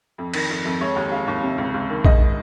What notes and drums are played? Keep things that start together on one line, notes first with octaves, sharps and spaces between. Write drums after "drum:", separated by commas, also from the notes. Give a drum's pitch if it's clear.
F2
D#3, drum: cymbal
F2
F2
G#3 C#5
D#2
G#3 F5
D#2
C3
C#2
C#2
D#3
G#2 D#5, drum: kick A#1